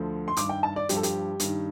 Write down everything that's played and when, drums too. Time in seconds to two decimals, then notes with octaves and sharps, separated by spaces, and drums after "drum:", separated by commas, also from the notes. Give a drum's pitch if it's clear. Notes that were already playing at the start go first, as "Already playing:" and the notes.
Already playing: D2 D3 F3
0.28 C6
0.37 G2 D#3 D6, drum: hi-hat
0.49 G5
0.63 A5
0.76 D5
0.89 G2 F3 G4, drum: hi-hat
0.96 A4
1.03 G4, drum: hi-hat
1.40 G2 D#3, drum: hi-hat